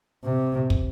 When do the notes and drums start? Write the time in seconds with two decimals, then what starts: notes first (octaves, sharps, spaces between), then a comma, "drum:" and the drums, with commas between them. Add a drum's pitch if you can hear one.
0.25 C3
0.70 drum: kick